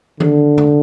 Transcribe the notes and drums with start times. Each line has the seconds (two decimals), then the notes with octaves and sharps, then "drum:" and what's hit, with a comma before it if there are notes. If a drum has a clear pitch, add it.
0.20 D3, drum: tom D#3
0.58 drum: tom C3